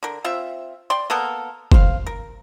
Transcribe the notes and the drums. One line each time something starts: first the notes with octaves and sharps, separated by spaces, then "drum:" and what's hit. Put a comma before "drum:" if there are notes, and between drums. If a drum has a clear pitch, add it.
D3 A#4
C4 F4 E5
D5 G5 C6
A#3 B3 A4 A#4
C5 F5, drum: kick
A#4